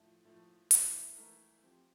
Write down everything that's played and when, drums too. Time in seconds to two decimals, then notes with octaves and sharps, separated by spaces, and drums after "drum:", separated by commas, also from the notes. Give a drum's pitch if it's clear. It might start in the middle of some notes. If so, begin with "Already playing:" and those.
Already playing: A2 F3 A3
0.25 A2 F3 A3
0.71 E3 A3 E4 A#4 E5, drum: hi-hat
1.17 E3 A3 E4 A#4 E5
1.62 F3 C4 G4